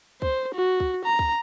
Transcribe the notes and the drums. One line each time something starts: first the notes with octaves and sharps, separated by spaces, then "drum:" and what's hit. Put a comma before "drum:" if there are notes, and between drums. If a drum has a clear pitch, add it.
C5, drum: kick
F#4
drum: kick
A#5
drum: kick